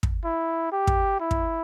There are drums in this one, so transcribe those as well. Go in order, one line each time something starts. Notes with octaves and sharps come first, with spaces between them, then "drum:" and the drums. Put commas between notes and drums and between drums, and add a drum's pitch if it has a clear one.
drum: kick
E4
G4
drum: kick
E4
drum: kick